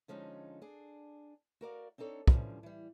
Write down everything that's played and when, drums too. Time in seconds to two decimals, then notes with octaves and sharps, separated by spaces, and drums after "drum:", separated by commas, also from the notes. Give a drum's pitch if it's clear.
0.08 D3 F3 G#3 C#4 D#4
0.62 D4 G#4
1.61 F#4 A#4 D5 F5
1.98 C4 D4 D#4 A4 C#5
2.28 D3 E3 F3 G3 C#4, drum: kick
2.63 E3 G3